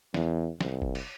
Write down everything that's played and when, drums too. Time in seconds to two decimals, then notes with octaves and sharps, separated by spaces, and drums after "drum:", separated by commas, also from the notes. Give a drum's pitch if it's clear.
0.14 E2, drum: snare
0.61 C2, drum: snare
0.82 drum: kick F#1
0.95 drum: cymbal